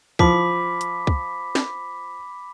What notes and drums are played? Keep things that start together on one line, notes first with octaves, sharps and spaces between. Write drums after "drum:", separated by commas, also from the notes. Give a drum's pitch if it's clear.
F3 B5 D6 B6, drum: kick
drum: hi-hat
drum: kick
drum: snare